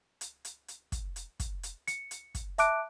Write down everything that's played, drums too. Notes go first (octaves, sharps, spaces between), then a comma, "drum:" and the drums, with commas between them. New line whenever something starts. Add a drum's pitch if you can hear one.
drum: hi-hat
drum: hi-hat
drum: hi-hat
drum: kick, hi-hat
drum: hi-hat
drum: kick, hi-hat
drum: hi-hat
C#7, drum: hi-hat
drum: hi-hat
drum: kick, hi-hat
E5 A5 D6 F#6 D7, drum: hi-hat